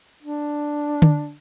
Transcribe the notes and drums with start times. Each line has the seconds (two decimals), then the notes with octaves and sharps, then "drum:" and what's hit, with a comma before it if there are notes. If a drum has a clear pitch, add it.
0.22 D4
1.02 drum: tom D3